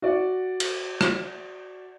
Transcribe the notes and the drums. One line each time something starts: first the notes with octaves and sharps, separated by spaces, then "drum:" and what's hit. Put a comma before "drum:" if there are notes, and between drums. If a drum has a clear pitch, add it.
F#4 D5
drum: cymbal
drum: rim click